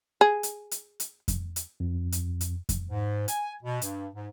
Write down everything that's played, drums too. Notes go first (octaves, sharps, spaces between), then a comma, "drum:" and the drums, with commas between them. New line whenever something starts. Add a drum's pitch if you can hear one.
G#4
drum: hi-hat
drum: hi-hat
drum: hi-hat
drum: kick F2, hi-hat
drum: hi-hat
F2
drum: hi-hat
drum: hi-hat
drum: kick F2, hi-hat
G#2
G#5, drum: hi-hat
B2
G2, drum: hi-hat
G#2